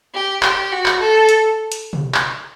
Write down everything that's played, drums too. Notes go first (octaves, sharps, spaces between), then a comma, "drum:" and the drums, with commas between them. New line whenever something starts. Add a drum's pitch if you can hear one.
G4
G4, drum: clap
F#4
drum: clap
A4
drum: hi-hat
drum: hi-hat
drum: tom B2
drum: clap